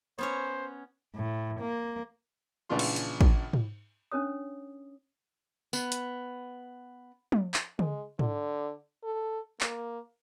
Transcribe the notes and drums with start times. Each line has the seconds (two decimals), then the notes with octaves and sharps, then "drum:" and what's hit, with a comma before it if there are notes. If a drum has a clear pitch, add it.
0.18 B3 C#4 C5 C#5
1.15 A2
1.61 A#3
2.69 A#1 C#3 E3 D4 F4 C6
2.79 drum: cymbal
2.96 drum: hi-hat
3.21 drum: kick A1
3.53 drum: tom G#2
4.12 C#4 D4 A#4 C#5 D#6
5.73 B3, drum: tambourine
5.92 drum: hi-hat
7.32 drum: tom
7.54 drum: clap
7.79 G#3, drum: tom
8.19 D3, drum: tom G#2
9.04 A4
9.61 A#3, drum: clap